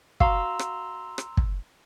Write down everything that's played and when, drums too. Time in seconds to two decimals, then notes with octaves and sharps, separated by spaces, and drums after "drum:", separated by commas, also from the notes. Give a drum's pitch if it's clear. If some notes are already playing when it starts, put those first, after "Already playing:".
0.20 F#4 F5 A#5 C6 E6, drum: kick
0.59 drum: rim click
1.18 drum: rim click
1.37 drum: kick